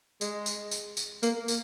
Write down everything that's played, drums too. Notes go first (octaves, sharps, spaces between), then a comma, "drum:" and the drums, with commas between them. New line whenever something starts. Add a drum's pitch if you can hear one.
G#3, drum: tambourine
drum: tambourine
drum: tambourine
drum: tambourine
A#3, drum: tambourine
A#3, drum: tambourine